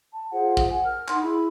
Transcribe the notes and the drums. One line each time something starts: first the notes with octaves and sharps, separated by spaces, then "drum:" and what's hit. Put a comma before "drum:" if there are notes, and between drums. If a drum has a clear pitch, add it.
A5
F4 G#4 C5 F#5
drum: kick
F#5 G#5
A#4 F6
D#4 F#5 C6, drum: clap
E4 G#4 B5